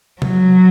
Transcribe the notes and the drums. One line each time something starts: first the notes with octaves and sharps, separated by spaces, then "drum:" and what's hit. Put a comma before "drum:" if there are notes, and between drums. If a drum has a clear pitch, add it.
F#3, drum: tom C3